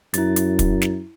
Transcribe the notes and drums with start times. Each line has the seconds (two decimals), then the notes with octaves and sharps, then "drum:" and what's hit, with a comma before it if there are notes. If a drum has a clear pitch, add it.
0.14 F#2 E4 A6, drum: hi-hat
0.36 drum: hi-hat
0.59 drum: kick, hi-hat
0.81 drum: snare